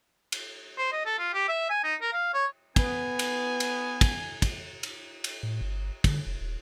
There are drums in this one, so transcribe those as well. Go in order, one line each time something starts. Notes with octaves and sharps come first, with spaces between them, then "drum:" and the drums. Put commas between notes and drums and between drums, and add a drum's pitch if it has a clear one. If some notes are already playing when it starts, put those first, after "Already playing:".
drum: cymbal
C5
D#5
A4
F4
G4
E5
G#5
D#4
A#4
F5
C#5
B3 G#5, drum: kick, cymbal
drum: cymbal
drum: cymbal
drum: kick, cymbal
drum: kick, cymbal
drum: cymbal
drum: cymbal
A2
G1
D3, drum: kick, cymbal
F1
D#1